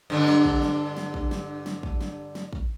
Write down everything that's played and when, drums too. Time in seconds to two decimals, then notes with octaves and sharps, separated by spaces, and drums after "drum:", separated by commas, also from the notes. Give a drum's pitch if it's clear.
0.10 G2 D3 D4
0.27 drum: snare
0.45 drum: kick
0.62 drum: snare
0.97 drum: snare
1.14 drum: kick
1.31 drum: snare
1.66 drum: snare
1.83 drum: kick
2.01 drum: snare
2.35 drum: snare
2.53 drum: kick